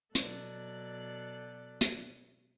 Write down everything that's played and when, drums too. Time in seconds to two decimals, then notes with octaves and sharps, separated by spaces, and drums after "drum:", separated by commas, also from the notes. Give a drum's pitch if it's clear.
0.15 B2 F#3 A4 D5 F#6, drum: hi-hat
1.81 drum: hi-hat